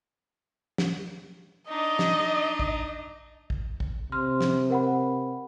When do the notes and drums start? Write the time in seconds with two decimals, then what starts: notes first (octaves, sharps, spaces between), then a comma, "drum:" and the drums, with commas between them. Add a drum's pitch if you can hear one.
0.78 drum: snare
1.69 D4 D#4 D#5
1.99 drum: snare
2.59 drum: kick
3.50 drum: kick
3.80 drum: kick
4.12 C3 C6 F6
4.41 drum: snare
4.70 A#4 F#5 B5